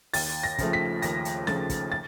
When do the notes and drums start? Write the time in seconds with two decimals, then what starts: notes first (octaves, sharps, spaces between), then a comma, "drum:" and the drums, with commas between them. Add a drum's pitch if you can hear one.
0.14 D#2 A6, drum: open hi-hat
0.43 A#6
0.58 C#3 F3 A3, drum: kick, hi-hat
0.73 B6
1.02 D#2 A#6, drum: hi-hat
1.25 drum: hi-hat
1.47 C#3 F3 A3 A6, drum: snare
1.69 drum: kick, hi-hat
1.92 A6